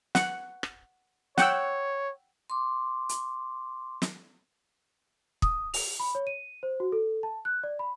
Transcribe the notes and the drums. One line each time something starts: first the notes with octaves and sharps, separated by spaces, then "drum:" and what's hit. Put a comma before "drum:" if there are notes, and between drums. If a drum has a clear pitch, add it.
F#5, drum: snare
drum: rim click
C#5 F#5 G5 E6, drum: snare
C6 D6
drum: hi-hat
drum: snare
D#6, drum: kick
F7, drum: open hi-hat
B5
C#5
D#7
C5
F#4
A4
A5
F#6
D5
B5